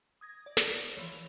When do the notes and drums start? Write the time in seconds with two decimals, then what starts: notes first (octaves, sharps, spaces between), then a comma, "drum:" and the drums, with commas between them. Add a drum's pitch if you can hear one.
0.21 D#6 G#6 A#6
0.46 D5
0.57 drum: snare
0.96 E3 F3 C#5
1.12 F7